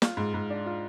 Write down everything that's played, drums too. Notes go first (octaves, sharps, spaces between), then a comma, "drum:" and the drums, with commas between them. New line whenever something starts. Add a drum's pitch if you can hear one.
F4, drum: snare
G#2
G#2
D4
F4